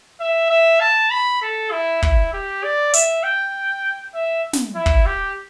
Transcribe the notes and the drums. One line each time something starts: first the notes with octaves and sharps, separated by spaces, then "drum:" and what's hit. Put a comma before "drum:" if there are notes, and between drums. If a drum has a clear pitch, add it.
E5
E5
A5
B5
A4
E4
E4, drum: kick
G4
D5
E5, drum: hi-hat
G5
E5
drum: snare
E4
drum: kick
G4